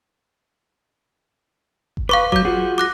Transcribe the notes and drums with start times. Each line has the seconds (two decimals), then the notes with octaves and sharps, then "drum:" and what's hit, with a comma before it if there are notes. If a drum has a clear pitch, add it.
1.97 drum: kick G1
2.09 B4 F5 C#6 D6
2.32 F#3 D6 G6, drum: kick G1
2.45 F4 F#4 G#4
2.78 D6 F#6 A#6